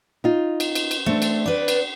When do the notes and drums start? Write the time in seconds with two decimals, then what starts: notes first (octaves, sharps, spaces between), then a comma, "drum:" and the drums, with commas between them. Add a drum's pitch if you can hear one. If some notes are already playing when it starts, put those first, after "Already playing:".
0.24 D#4 F4
0.60 drum: cymbal
0.75 drum: cymbal
0.91 drum: cymbal
1.06 A3 C4 D4
1.22 drum: cymbal
1.46 B4 D5
1.68 drum: cymbal